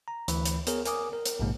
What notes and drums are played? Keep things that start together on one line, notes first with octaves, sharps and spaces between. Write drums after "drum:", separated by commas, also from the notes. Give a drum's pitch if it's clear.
A#5
D2 E3 B5, drum: hi-hat
drum: hi-hat
B3 G#4 A#4 C#5, drum: hi-hat
A#4 G#5 D6 D#6, drum: hi-hat
A#4
drum: hi-hat
A#1 G#2 C3 G#3 A#3